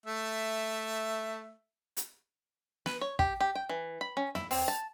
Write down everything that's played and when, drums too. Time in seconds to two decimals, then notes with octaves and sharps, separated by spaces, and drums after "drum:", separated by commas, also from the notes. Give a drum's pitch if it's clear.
0.06 A3 E5
1.97 drum: hi-hat
2.86 B4, drum: snare
3.01 C#5
3.19 G4, drum: kick
3.40 G4
3.55 G5
3.69 E3
4.01 B5
4.17 C#4
4.35 E4, drum: tom
4.51 C4, drum: open hi-hat
4.68 A5